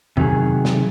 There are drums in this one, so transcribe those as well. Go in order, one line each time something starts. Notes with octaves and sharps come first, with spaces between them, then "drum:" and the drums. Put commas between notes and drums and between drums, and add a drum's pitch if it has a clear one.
C3 D#3 F#3 G#4, drum: tom E2
drum: snare